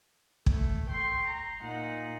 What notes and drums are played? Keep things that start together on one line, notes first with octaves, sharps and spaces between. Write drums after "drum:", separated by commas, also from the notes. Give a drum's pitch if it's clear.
A3, drum: kick
G5 C6 C#6
A#5
A#2 D#4 F#5